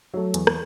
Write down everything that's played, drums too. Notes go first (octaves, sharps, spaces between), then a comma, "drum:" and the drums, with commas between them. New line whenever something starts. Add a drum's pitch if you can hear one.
F#3 A3
E2, drum: hi-hat
drum: rim click